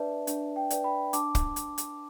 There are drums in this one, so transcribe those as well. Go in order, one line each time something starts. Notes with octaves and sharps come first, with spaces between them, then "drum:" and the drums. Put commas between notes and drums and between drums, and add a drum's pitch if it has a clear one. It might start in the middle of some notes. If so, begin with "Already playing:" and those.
Already playing: D4 B4 D5 E5 A5
D4, drum: hi-hat
G5
B4 D5, drum: hi-hat
G5 B5
D4 A5 D6, drum: hi-hat
drum: kick, hi-hat
drum: hi-hat
drum: hi-hat